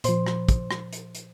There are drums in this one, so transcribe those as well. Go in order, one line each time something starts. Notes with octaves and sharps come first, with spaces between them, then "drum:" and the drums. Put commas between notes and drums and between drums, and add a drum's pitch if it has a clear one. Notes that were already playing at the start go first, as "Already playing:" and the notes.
A#2 F3 C5 C6, drum: hi-hat
drum: rim click
drum: kick, hi-hat
drum: rim click
drum: hi-hat
drum: hi-hat